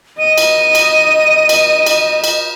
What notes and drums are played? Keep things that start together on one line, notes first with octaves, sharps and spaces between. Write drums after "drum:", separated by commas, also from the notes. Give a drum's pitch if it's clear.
D#5 D#7
drum: cymbal
drum: cymbal
drum: cymbal
drum: cymbal
drum: cymbal